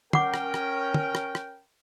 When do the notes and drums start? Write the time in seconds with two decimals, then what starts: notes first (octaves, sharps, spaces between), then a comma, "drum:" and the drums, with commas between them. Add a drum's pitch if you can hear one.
0.13 C#4 A#4 F#5 G5 D6, drum: tom
0.34 drum: rim click
0.54 drum: rim click
0.94 drum: tom
1.15 drum: rim click
1.35 drum: rim click